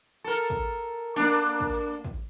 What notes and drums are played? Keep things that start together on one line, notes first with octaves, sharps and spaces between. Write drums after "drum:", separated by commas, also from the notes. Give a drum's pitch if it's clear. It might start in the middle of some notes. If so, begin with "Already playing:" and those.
A4 A#4
drum: kick
A#3 D4, drum: snare
drum: kick
drum: kick